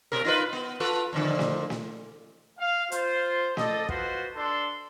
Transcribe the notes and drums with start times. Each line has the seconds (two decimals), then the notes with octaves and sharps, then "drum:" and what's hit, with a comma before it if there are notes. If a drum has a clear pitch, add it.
0.12 B2 A#4
0.25 D#4 F4 B4
0.53 B3
0.80 F4 A4 B4
1.13 F2 A#2 D3
1.39 drum: snare
1.70 drum: snare
2.59 F5
2.92 F4 C5, drum: hi-hat
3.57 A4 D5 D#5, drum: snare
3.89 F4 F#4 B4 C5 C6, drum: kick
4.36 D4 A4 C6